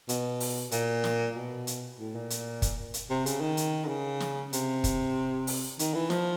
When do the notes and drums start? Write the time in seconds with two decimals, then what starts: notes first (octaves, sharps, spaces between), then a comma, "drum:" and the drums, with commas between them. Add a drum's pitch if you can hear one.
0.09 B2, drum: hi-hat
0.40 drum: open hi-hat
0.71 A#2, drum: hi-hat
1.04 drum: snare
1.35 B2
1.67 drum: hi-hat
1.99 A2
2.15 A#2
2.30 drum: hi-hat
2.62 drum: kick, hi-hat
2.94 drum: hi-hat
3.10 C3
3.26 C#3, drum: hi-hat
3.41 D#3
3.57 drum: hi-hat
3.84 D3
3.88 C#3
4.20 drum: snare
4.53 C3, drum: hi-hat
4.84 drum: kick, hi-hat
5.47 drum: open hi-hat
5.79 D#3, drum: hi-hat
5.94 E3
6.10 F3, drum: snare